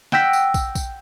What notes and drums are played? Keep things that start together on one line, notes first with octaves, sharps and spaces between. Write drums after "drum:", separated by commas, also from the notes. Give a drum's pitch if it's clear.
F#5 G5 E6 G6 A#6 B6, drum: snare
drum: tambourine
drum: kick, tambourine
drum: kick, tambourine